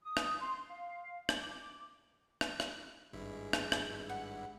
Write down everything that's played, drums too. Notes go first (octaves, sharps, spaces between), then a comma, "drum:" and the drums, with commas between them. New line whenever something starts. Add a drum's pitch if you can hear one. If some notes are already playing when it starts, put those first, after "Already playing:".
D#6
drum: rim click
C6
F5
drum: rim click
D6
drum: rim click
drum: rim click
G#1 G2 G#3 E4
drum: rim click
drum: rim click
F#5